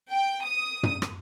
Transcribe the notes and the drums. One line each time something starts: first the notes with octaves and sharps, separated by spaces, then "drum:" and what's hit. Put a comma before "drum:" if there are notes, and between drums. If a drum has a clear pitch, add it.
G5
D#6
drum: tom
drum: rim click